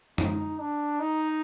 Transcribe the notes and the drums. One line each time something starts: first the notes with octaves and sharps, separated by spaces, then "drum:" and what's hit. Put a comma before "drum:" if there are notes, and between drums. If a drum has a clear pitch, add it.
D#4, drum: tom
D4
D#4